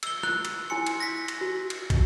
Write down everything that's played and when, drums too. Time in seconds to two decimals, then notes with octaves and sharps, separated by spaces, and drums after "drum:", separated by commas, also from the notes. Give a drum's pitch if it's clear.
0.03 E6 G7, drum: cymbal
0.23 F#6, drum: rim click
0.45 drum: cymbal
0.70 E4 G#5 C6 C#7
0.86 drum: cymbal
1.00 A#6 B6
1.28 drum: cymbal
1.41 F#4
1.70 drum: cymbal
1.90 D#5, drum: kick, cymbal